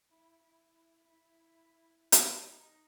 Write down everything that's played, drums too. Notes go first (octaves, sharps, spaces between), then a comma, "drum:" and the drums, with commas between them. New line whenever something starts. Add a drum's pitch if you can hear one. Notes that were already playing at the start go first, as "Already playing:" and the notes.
E4
E4
E4
drum: hi-hat
D#4